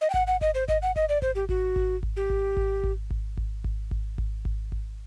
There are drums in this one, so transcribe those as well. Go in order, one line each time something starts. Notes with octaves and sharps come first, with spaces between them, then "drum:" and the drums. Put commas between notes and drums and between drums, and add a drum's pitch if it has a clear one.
D#5
G5
F#5, drum: kick G#1
F#5
D#5, drum: kick G#1
C5
D#5, drum: kick G#1
F#5
D#5, drum: kick G#1
D5
C5, drum: kick G#1
G4
F#4, drum: kick G#1
drum: kick G#1
drum: kick G#1
G4
drum: kick G#1
drum: kick G#1
drum: kick G#1
drum: kick G#1
drum: kick G#1
drum: kick G#1
drum: kick G#1
drum: kick G#1
drum: kick G#1
drum: kick G#1